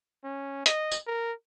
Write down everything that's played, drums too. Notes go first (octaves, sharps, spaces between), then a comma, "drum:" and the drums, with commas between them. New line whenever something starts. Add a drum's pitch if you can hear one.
C#4
D#5, drum: hi-hat
drum: tambourine
A#4